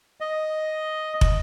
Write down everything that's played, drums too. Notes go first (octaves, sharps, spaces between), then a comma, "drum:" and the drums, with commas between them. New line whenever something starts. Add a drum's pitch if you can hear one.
D#5
drum: kick